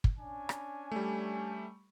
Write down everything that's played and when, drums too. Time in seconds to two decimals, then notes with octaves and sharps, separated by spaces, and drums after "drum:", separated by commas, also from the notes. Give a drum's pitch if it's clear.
0.04 drum: kick
0.19 C#4 D4 G#5
0.49 drum: rim click
0.91 G3 A3